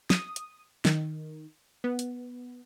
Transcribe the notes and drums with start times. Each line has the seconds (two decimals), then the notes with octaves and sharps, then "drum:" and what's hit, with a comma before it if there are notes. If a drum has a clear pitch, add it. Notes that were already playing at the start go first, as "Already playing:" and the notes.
0.10 D#6, drum: snare
0.36 drum: hi-hat
0.85 D#3, drum: snare
1.84 B3
1.99 drum: hi-hat